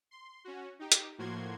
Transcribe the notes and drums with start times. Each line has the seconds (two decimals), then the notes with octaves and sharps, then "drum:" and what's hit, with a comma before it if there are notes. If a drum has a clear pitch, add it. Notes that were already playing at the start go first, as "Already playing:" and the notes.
0.11 C6
0.44 C#4 F#4
0.79 D#4 G4
0.92 drum: hi-hat
1.18 A2 F3 A#3 F#4 C6 G#6